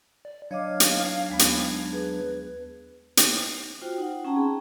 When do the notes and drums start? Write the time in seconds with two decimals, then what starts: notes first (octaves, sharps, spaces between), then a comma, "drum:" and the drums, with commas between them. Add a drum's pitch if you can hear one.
0.25 D5
0.51 F#3 D4 C#5 D#5 F5 D6 G#6
0.80 drum: hi-hat
1.30 D#2 G#3 B3
1.39 drum: hi-hat
1.93 G#4 B4
3.17 drum: hi-hat
3.82 F4 F#4 C5 G5
3.98 D#4 F#5
4.25 C#4 F#5 G5 A5 A#5 C#6
4.36 C4 G#4 A5 B5 C6